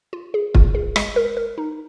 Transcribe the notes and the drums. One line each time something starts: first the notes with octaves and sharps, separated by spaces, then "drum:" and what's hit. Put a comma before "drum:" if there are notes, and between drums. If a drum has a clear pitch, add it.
F4
G#4
F4, drum: kick
G#4
G#3, drum: rim click
A#4
A#4
D#4